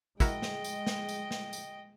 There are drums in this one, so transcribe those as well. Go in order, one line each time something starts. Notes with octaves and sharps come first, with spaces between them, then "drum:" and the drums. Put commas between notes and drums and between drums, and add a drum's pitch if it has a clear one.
G#3 E4 F#4 A#4 D#5 G5, drum: kick, tambourine
drum: snare
drum: tambourine
drum: snare
drum: tambourine
drum: snare
drum: tambourine